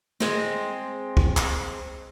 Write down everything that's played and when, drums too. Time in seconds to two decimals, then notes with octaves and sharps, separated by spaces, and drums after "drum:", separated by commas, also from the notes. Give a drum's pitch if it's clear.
0.20 G#3 C4, drum: snare
1.17 drum: kick
1.37 drum: clap